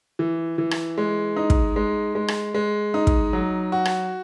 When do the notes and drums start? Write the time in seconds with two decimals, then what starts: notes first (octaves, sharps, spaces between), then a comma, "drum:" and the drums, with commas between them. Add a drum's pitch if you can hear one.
0.19 E3
0.58 E3
0.71 drum: rim click
0.98 G#3
1.36 D#4
1.50 drum: kick
1.76 G#3
2.15 G#3
2.28 drum: rim click
2.54 G#3
2.94 D#4
3.07 drum: kick
3.33 F#3
3.72 F#4
3.85 drum: rim click